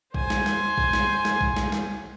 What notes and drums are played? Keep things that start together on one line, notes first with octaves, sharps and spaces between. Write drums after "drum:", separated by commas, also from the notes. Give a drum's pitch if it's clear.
C5 G#5, drum: kick A#1
drum: snare
drum: snare
drum: kick A#1
drum: snare
drum: snare
drum: kick A#1
drum: snare
drum: snare